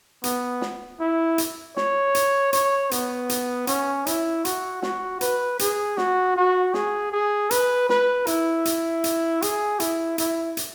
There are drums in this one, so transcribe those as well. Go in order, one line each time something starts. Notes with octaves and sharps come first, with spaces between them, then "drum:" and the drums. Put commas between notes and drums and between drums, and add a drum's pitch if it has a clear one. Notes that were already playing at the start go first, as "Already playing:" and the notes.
B3, drum: hi-hat
drum: snare
E4
drum: hi-hat
C#5, drum: snare
drum: hi-hat
C#5, drum: hi-hat
B3, drum: hi-hat
drum: hi-hat
C#4, drum: hi-hat
E4, drum: hi-hat
F#4, drum: hi-hat
F#4, drum: snare
B4, drum: hi-hat
G#4, drum: hi-hat
F#4, drum: snare
F#4
G#4, drum: snare
G#4
B4, drum: hi-hat
B4, drum: snare
E4, drum: hi-hat
drum: hi-hat
drum: hi-hat
G#4, drum: hi-hat
E4, drum: hi-hat
E4, drum: hi-hat
drum: hi-hat